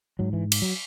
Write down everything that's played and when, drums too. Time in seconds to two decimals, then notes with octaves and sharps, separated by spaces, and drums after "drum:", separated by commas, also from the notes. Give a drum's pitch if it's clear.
0.19 G#2 F#3
0.33 E3
0.52 drum: cymbal
0.62 F#3